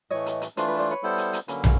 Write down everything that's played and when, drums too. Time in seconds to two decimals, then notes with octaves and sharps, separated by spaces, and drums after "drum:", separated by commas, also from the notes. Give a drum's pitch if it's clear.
0.11 A2 E3 A3 C#5 D#5
0.26 drum: hi-hat
0.41 drum: hi-hat
0.57 E3 A3 D4 F4 C5, drum: hi-hat
0.69 B4
0.79 C5 D5
0.91 B4 C#5
1.03 G3 B3 E4 A4 C5
1.18 drum: hi-hat
1.33 drum: hi-hat
1.48 D3 F#3 A#3 C#4 B4, drum: hi-hat
1.64 drum: tom